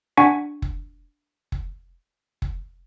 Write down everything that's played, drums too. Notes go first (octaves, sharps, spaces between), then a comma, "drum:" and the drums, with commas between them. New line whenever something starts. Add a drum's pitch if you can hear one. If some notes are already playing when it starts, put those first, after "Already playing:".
D4 F#5 G#5 C#6 G#6 B6
drum: kick
drum: kick
drum: kick